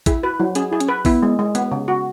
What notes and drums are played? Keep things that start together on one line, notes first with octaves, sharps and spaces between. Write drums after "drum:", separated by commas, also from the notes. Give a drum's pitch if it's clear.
E4 G#4, drum: kick A#1, hi-hat
F#4 B4
F#3 E4
C#4 G#4, drum: hi-hat
E4 G#4
C#4, drum: hi-hat
B4
B3 E4, drum: kick A#1, open hi-hat
G#3
G#3
B3, drum: hi-hat
C#3
F#4